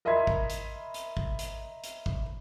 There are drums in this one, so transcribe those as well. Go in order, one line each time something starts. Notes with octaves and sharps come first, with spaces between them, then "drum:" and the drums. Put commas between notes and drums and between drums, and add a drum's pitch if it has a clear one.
A#4 D#5 E5 B5 C6 G#6
drum: kick
drum: hi-hat
drum: hi-hat
drum: kick
drum: hi-hat
drum: hi-hat
drum: kick